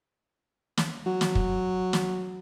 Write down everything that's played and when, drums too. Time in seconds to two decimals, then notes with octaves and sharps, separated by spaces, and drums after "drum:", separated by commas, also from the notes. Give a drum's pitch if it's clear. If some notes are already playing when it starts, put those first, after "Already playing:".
0.77 drum: snare
1.06 F#3
1.21 drum: snare
1.35 drum: kick
1.93 drum: snare